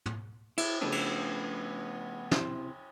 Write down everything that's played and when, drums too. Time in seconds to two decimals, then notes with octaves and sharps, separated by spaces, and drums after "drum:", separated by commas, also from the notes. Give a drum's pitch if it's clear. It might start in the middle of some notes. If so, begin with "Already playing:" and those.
0.06 drum: tom
0.58 E4, drum: cymbal
0.81 C#3 F3 A3 B3 D4 D#4
0.92 drum: cymbal
2.31 C3 E4 C5, drum: snare